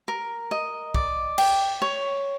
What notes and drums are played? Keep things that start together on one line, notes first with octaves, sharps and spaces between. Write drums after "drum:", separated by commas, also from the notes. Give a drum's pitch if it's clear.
A#4
D#5
D5, drum: kick
G5, drum: cymbal
C#5